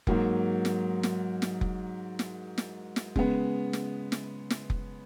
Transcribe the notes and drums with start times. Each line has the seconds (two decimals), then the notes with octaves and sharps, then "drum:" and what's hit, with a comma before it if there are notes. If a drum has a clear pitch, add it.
0.07 G#2 F#3 A#3, drum: kick F1
0.65 drum: snare
1.03 drum: snare
1.42 drum: snare
1.61 drum: kick F1
2.19 drum: snare
2.58 drum: snare
2.96 drum: snare
3.16 C#3 G#3 B3, drum: kick F1
3.73 drum: snare
4.12 drum: snare
4.50 drum: snare
4.70 drum: kick F1